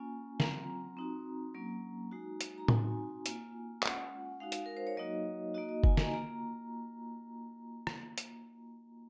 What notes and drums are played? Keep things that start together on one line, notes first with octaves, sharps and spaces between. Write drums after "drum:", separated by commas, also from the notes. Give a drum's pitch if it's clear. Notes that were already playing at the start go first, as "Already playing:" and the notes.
Already playing: A#3 C#4 F4 G#5
F#3 C4 F4 A#5, drum: snare
C4 D#4 F#4
F#3 A#3 C#4
G#3 D#4 F#4
drum: hi-hat
A#5
C4 D#4 F#4 G#5, drum: tom A2
A#3 F4, drum: hi-hat
G#3 C#4 F4 F#5, drum: clap
G#3 D#4 F#4 F5
drum: hi-hat
A#4
C5
C#5
F#3 A#3 D#4 F#4 D#5
A#3 D#4 F#4 D#5
D#5
G#5, drum: kick F#1
A#5, drum: snare
A#3 F4 A#5
drum: rim click
drum: hi-hat